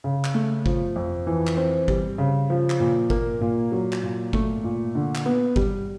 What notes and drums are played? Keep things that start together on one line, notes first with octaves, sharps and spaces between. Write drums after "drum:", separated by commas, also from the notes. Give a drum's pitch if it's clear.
C#3
drum: clap
A3
F3, drum: kick
F2
E3
drum: clap
C4
G3, drum: kick
C#3
F3
drum: clap
A#2
A#3, drum: kick
A#2
F#3
drum: clap
A#2
A3, drum: kick
A#2
D3
drum: clap
B3
G3, drum: kick